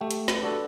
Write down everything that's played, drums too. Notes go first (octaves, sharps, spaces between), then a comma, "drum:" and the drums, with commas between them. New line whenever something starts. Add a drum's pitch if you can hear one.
A3 G4 G5
drum: hi-hat
B4 B5, drum: snare
D4 F#4 A4